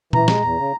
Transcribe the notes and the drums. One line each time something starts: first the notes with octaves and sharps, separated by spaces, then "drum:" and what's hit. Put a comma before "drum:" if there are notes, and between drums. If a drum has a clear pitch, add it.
E3 A#5, drum: tom A#2
G#3, drum: snare
E2
C#3